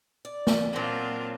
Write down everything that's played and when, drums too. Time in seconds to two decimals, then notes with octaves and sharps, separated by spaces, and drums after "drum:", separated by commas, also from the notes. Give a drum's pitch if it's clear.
0.25 D5
0.47 drum: snare
0.73 A#2 F#3 C4 D4 F4